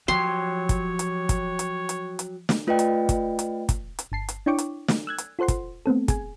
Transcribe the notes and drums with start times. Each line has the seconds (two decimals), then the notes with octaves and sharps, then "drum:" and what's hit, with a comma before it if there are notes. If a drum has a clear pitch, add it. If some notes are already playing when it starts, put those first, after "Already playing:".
0.08 F3 F#3 G4 C#5 C6
0.69 drum: kick, hi-hat
0.99 drum: hi-hat
1.29 drum: kick, hi-hat
1.59 drum: hi-hat
1.89 drum: hi-hat
2.19 drum: hi-hat
2.49 drum: snare
2.67 A3 F4 B4 D5 D#5 G5
2.79 drum: hi-hat
3.09 drum: kick, hi-hat
3.39 drum: hi-hat
3.69 drum: kick, hi-hat
3.99 drum: hi-hat
4.12 G1 A5 C7
4.29 drum: hi-hat
4.46 D4 E4 C#5 G5 C#6 D6
4.58 drum: hi-hat
4.88 drum: snare
5.07 E6 F#6 G#6
5.18 drum: hi-hat
5.39 F4 A4 C5 F#5 C6
5.48 drum: kick, hi-hat
5.86 A3 B3 C4 A4
6.08 G#4 G#5, drum: kick, hi-hat